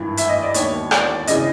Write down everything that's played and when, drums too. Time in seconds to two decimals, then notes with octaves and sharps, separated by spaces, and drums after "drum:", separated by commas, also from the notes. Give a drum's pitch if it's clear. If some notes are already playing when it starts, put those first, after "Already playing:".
Already playing: G#1 G2 E3
0.17 E5, drum: hi-hat
0.29 D#5
0.42 D5
0.54 E1 D#2 D#3 C#5, drum: hi-hat
0.91 D5, drum: rim click
1.27 C#3 E3 D#5, drum: hi-hat